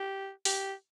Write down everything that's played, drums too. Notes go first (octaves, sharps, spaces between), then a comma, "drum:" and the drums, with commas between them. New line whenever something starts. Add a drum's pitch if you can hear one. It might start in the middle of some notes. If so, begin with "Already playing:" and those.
Already playing: G4
G4, drum: open hi-hat